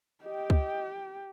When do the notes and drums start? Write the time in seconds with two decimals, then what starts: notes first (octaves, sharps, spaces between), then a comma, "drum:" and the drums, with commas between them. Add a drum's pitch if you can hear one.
0.25 G4 D#5 G5
0.50 drum: kick C#2